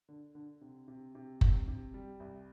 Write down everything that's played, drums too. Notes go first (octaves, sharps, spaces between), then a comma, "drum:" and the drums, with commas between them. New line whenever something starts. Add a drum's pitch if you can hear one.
D3
D3
C3
C3
C3
C3, drum: kick F#1
C3
G3
C2